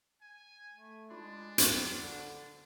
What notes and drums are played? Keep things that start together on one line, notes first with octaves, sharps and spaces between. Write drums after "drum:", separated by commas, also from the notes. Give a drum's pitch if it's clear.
G#5
A3
G#3 D4 D#4 F4 C6
C4 C5 B5 C6, drum: hi-hat
D3